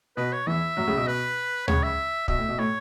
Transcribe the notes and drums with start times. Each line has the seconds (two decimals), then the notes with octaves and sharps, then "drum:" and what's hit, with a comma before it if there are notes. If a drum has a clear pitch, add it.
0.17 B2 B3 B4
0.33 C#5
0.47 E2 E3 E5
0.77 F#2 F#3
0.87 C#2 C#3
0.97 B2
1.07 B4
1.68 C#2 C#3 C#5, drum: tom D2
1.83 E5
2.28 B2 E5, drum: kick
2.38 A2
2.48 B2
2.58 A2 C#5